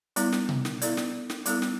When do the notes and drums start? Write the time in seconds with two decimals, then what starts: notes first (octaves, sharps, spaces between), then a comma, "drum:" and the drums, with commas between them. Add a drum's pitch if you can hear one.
0.16 G3 B3 E4, drum: hi-hat
0.32 drum: snare
0.49 drum: tom B2
0.65 drum: snare
0.82 B3 E4 A4 D5, drum: hi-hat
0.97 drum: snare
1.30 drum: snare
1.46 G3 B3 E4 A4, drum: hi-hat
1.62 drum: snare